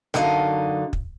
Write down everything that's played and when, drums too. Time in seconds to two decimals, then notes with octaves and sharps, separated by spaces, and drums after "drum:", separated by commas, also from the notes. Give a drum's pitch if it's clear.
0.14 F#2 D3 F#3 D#4 D#5 F5, drum: rim click
0.93 drum: kick